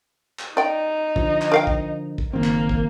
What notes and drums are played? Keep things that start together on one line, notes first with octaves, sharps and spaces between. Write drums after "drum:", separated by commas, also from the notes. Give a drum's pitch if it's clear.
drum: clap
D#4 D5 G5
D3 F3, drum: kick
drum: clap
A#4 F5 G5
drum: kick
drum: kick
F#1 D#3 A#3 C4
drum: clap
drum: kick